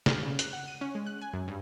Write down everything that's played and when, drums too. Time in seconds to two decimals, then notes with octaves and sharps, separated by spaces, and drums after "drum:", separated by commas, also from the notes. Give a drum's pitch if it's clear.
0.06 F6, drum: snare
0.22 C#3
0.39 F#6, drum: hi-hat
0.53 F#5
0.68 D#7
0.81 C#4
0.95 G#3
1.07 F#6
1.21 G#5
1.33 F#2
1.48 G2